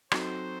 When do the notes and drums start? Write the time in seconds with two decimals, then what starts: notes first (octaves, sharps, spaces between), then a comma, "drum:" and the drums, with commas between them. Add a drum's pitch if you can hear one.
0.12 F#3 C4 D#4 F#4 A4 C5, drum: rim click